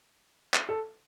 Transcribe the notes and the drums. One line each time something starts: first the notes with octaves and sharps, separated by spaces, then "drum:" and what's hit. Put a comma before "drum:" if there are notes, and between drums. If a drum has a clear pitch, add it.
drum: clap
A4